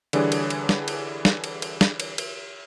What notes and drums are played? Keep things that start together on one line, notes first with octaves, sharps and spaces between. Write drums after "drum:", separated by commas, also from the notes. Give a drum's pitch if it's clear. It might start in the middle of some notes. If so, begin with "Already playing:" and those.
D3 E3 G3 D4 G#4 C#5, drum: cymbal
drum: cymbal
drum: cymbal
drum: snare
drum: cymbal
drum: snare
drum: cymbal
drum: cymbal
drum: snare
drum: cymbal
drum: cymbal